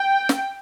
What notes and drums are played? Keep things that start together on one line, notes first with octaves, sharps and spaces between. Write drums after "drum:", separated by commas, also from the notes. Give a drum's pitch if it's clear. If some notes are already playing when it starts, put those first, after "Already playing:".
Already playing: G5
drum: snare